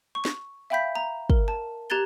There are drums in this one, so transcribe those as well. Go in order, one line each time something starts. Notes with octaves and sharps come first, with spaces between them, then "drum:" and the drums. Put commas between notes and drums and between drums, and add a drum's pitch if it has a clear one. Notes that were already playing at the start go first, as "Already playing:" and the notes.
C#6
drum: snare
E5 F5 G5 B5 G6 B6
A#5
A#4, drum: kick
A5
G4 A#5 F#6 G#6 A6 G7